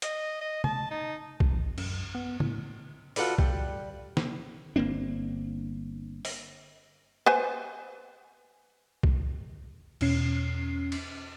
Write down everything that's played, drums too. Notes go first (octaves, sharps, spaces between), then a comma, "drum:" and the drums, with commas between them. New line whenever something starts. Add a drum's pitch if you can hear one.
D#5, drum: hi-hat
D#5
A5, drum: tom
D#4
drum: kick
A1
F#2, drum: cymbal
B3
A2, drum: tom
F4 F#4 A4 B4 D5, drum: open hi-hat
G3, drum: kick
drum: snare
G1 A#3 C4 D4
drum: open hi-hat
B4 C5 G#5
drum: kick
E2 B2 C#4 C7, drum: cymbal
drum: cymbal